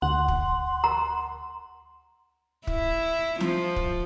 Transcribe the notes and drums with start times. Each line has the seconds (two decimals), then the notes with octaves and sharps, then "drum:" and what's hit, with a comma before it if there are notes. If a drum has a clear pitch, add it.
0.02 D2 F#5 C6
0.28 drum: kick
0.84 A#5
2.67 E4, drum: kick
3.40 F3, drum: snare
3.76 drum: kick